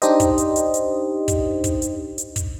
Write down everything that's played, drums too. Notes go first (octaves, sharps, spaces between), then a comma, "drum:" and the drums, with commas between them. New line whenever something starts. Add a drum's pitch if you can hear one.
D4 D#4 G4 C5 D#5, drum: hi-hat
drum: kick, hi-hat
drum: hi-hat
drum: hi-hat
drum: hi-hat
drum: kick, hi-hat
drum: kick, hi-hat
drum: hi-hat
drum: hi-hat
drum: kick, hi-hat